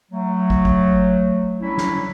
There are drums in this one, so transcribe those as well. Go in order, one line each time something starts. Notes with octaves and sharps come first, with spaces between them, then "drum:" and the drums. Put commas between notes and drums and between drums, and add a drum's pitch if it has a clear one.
F#3 A3
drum: kick
drum: kick
F#3 G3 C#4 D4 E4
drum: snare